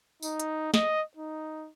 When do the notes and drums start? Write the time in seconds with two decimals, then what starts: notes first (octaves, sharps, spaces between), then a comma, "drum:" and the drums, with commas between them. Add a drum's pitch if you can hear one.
0.22 D#4, drum: tambourine
0.40 drum: hi-hat
0.74 D#5, drum: snare
1.17 D#4